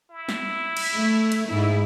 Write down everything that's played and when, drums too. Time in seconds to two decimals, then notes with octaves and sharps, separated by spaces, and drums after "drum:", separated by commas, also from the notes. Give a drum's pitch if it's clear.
0.10 E4
0.29 drum: snare
0.77 drum: cymbal
0.94 A3
1.32 drum: cymbal
1.49 G#2 E4